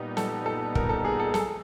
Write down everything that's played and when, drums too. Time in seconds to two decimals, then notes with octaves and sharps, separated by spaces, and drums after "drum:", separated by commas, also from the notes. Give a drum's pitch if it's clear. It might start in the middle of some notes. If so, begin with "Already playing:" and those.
Already playing: A#2 G3 B3 D#4
0.17 A4, drum: snare
0.46 A4
0.75 A#4, drum: kick
0.89 A4
1.05 G#4
1.20 A4
1.34 A4, drum: snare